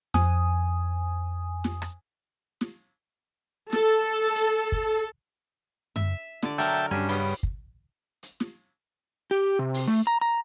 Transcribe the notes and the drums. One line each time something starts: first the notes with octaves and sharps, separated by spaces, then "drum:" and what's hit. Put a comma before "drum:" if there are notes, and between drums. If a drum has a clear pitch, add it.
F2 G#5 D#6, drum: snare
drum: snare
drum: rim click
drum: snare
A4, drum: snare
drum: hi-hat
drum: kick
E5, drum: tom F#2
D3 D5, drum: snare
F#3 A#4 E5 G5 A5
G2 C#4 D4
C#3 B3 G5, drum: open hi-hat
drum: kick
drum: hi-hat
drum: snare
G4
C3
drum: open hi-hat
A3
A#5
A#5